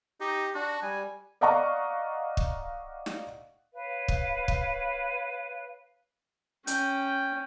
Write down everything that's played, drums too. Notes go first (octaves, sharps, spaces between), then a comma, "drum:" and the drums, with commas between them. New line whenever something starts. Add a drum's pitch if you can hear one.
D#4 G4
D4 F#4
G3 G#5
D5 D#5 F5 F#5 A#5 C#6
drum: kick
drum: snare
B4 C#5 F5
drum: kick
drum: kick
C#4 G5, drum: hi-hat